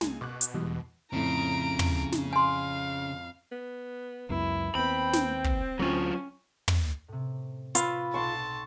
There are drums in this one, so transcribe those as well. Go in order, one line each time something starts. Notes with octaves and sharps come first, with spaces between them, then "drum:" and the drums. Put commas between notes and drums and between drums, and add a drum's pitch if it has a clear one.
C#2 G#5, drum: snare
B2 C#6 D6 F#6
drum: hi-hat
E2 G3 G#3
F2 A2 C#3 A#5 D7
drum: tom
drum: snare
F5 G#5 C6
B3
C#2 F#2 B3 E4
D#2 B3 C4 G5 B5
drum: snare
drum: kick
D2 F#3 C#4 F4
drum: tom
A2 C3
F4 B4 C#5 B5 E6, drum: hi-hat
B1 F#5 A5 C6 C#6 F#6 D7